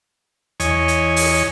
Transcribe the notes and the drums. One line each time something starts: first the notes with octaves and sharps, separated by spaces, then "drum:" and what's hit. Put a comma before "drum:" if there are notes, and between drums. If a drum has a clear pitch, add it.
E2 C#5 D#5 G#5, drum: hi-hat
drum: hi-hat
drum: open hi-hat